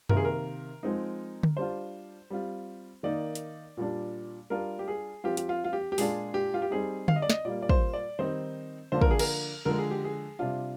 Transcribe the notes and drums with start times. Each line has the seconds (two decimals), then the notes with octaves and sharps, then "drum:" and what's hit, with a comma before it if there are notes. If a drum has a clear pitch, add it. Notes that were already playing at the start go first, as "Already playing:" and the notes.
0.09 C3 D#3 A#3 A#4, drum: tom F#2
0.17 G#4
0.25 A#4
0.83 F3 G#3 C4 D#4
1.43 drum: tom D3
1.57 G3 D4 F4 C5
2.30 G3 C4 F4
3.03 D#3 A#3 D#4 D5
3.35 drum: hi-hat
3.77 A#2 G3 D4
4.50 G3 D4 F4 A#4
4.79 G4
4.88 G#4
5.24 F3 C4 F4 G4
5.37 G4, drum: hi-hat
5.49 F4
5.64 F4
5.73 G4
5.92 G4
5.98 A#2 G#3 D4 F4 G#4, drum: open hi-hat
6.34 G4
6.54 F4
6.62 G4
6.71 G3 C4 D#4 G#4
7.08 F5, drum: tom D3
7.16 D#5
7.22 D5
7.30 D#5, drum: snare
7.45 A#2 G3 A#3 D5
7.62 D5
7.69 C5, drum: kick
7.94 D5
8.19 D#3 G3 C4 D#4 C5
8.92 D3 F3 A#3 D4 C5
9.01 A#4, drum: kick
9.11 G#4
9.19 A#4, drum: cymbal
9.65 D3 F3 G#3 A#4
9.79 G#4
9.91 G4
10.05 G#4
10.39 C3 G3 D4 F4